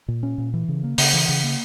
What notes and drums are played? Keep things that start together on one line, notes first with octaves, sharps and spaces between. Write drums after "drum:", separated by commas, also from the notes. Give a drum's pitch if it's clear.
A#2
C#4
A#2
E3
C#3
A#3
C#3, drum: open hi-hat
E3
C#3
A#3